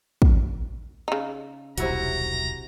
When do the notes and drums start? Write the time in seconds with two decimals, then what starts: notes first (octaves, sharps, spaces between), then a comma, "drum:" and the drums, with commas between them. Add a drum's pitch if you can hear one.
0.22 drum: kick
1.08 C#3 D#4
1.78 D#1 B1 C3 E4 F#4 A#5, drum: hi-hat